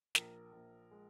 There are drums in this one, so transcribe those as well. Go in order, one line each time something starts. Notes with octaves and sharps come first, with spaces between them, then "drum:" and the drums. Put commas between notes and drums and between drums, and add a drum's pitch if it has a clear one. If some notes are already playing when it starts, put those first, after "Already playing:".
A#1 A#4, drum: snare
A#1
G#3